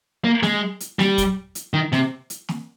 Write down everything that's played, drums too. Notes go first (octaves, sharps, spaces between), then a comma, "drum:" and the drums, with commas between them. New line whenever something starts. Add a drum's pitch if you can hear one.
A#3
G#3, drum: snare
drum: hi-hat
G3, drum: snare
drum: kick, hi-hat
drum: hi-hat
D#3
C3, drum: snare
drum: hi-hat
drum: snare